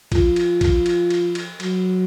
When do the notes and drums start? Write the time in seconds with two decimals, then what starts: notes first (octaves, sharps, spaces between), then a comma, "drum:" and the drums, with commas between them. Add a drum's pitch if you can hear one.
0.12 F3, drum: kick, cymbal
0.36 drum: cymbal
0.61 drum: kick, cymbal
0.86 drum: cymbal
1.10 drum: cymbal
1.35 drum: cymbal
1.60 F#3, drum: cymbal